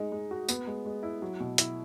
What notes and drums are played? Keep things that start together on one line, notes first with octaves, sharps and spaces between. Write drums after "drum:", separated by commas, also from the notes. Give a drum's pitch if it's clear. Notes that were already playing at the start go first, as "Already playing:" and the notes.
Already playing: G#3 D#4
G#3
F#4
B3, drum: tambourine
G#3
G#3
E4
F#3
B2
E4, drum: hi-hat